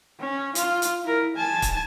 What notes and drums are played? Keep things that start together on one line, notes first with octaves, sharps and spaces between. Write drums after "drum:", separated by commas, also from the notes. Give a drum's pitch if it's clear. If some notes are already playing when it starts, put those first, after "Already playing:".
C#4
F4, drum: hi-hat
drum: hi-hat
E4 A#4
G#5 A5
drum: kick, hi-hat